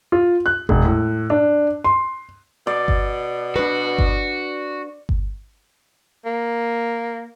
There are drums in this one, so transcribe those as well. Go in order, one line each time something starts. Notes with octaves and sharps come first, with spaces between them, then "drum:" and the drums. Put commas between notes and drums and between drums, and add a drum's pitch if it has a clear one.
F4
F#6
E1, drum: kick G1
A2
D4
C6
B2 D5
drum: kick G1
D4 F#4 B4
drum: kick G1
drum: kick G1
A#3